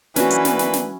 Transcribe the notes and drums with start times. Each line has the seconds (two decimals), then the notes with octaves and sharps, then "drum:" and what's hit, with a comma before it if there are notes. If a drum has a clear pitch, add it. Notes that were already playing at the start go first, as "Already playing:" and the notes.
0.16 E3 A#3 C#4 D4 F#4 B4, drum: snare
0.30 drum: hi-hat
0.45 drum: snare
0.59 drum: snare
0.73 drum: snare